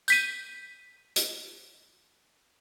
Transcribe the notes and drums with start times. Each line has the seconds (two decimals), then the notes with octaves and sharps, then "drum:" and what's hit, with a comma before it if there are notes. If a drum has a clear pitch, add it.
0.08 G6 B6 D#7, drum: tambourine
1.16 drum: hi-hat